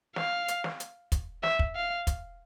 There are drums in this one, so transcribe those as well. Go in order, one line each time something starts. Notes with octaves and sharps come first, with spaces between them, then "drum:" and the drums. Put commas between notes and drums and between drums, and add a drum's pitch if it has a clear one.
F5, drum: snare
drum: hi-hat
drum: snare
drum: hi-hat
drum: kick, hi-hat
E5, drum: snare
drum: kick
F5
drum: kick, hi-hat